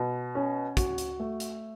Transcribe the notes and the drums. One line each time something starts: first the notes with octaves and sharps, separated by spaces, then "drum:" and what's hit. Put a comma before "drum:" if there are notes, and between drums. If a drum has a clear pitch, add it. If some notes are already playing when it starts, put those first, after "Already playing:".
Already playing: B2
C#4
F#4, drum: kick, hi-hat
drum: hi-hat
A3
drum: hi-hat